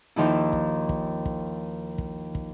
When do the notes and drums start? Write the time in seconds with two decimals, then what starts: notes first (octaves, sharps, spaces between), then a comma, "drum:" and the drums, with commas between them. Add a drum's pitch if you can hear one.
0.16 D#2 D#3 F3 E4
0.53 drum: kick
0.89 drum: kick
1.26 drum: kick
1.98 drum: kick
2.35 drum: kick